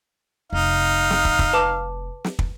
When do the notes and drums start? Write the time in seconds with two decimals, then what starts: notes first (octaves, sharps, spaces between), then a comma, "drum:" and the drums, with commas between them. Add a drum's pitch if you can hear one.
0.53 F1 D#4 F5
1.11 drum: snare
1.25 drum: kick
1.39 drum: kick
1.53 B4 A5 D6
2.24 drum: snare
2.39 drum: kick